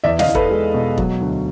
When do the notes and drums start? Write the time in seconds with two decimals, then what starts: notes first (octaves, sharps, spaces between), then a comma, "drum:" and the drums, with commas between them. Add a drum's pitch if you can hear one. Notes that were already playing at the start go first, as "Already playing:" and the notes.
0.04 E2 D5 E5
0.19 D#5 F5, drum: snare
0.27 E2
0.35 A4 B4, drum: kick
0.51 G#3
0.74 B2
0.98 F#3, drum: kick
1.21 D2